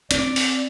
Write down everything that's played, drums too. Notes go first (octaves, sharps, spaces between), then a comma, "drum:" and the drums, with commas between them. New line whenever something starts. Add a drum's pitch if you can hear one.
C4 D5, drum: hi-hat
drum: open hi-hat